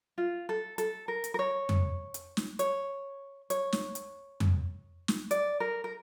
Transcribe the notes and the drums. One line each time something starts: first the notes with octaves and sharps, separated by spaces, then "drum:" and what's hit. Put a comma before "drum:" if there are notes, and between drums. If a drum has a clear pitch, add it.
F4
A4
A4, drum: hi-hat
A#4
drum: hi-hat
A#4
C#5
drum: tom F2
drum: hi-hat
drum: snare
C#5, drum: hi-hat
C#5, drum: hi-hat
drum: snare
drum: hi-hat
drum: tom F2
drum: snare
D5, drum: hi-hat
A#4
A#4